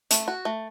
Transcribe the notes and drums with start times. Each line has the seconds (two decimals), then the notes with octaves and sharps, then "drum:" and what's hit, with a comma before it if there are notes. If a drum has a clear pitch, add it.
0.11 A3, drum: hi-hat
0.28 F#4
0.45 A3